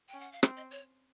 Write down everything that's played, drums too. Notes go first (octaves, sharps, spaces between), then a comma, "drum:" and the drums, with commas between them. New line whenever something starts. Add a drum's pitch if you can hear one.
G5
C#4
F#5
F5
C4 E5, drum: rim click
D#5
C#5